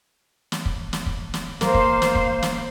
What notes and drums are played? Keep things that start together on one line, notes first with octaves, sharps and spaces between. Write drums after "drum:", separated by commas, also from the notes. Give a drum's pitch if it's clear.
drum: snare
drum: kick
drum: snare
drum: kick
drum: snare
A#3 C5 F5, drum: snare
drum: kick
drum: snare
drum: kick
drum: snare